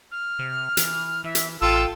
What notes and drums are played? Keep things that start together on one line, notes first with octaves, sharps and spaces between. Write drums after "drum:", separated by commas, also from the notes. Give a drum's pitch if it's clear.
F6
C3
E3, drum: hi-hat
E3 E5
drum: hi-hat
A1 F4 A4 G5 E6